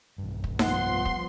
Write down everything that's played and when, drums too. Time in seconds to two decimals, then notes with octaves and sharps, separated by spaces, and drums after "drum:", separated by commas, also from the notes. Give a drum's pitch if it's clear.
0.18 B1 G2
0.44 drum: kick
0.59 F3 G3 B3 F#5 C6, drum: snare D#4
1.05 drum: kick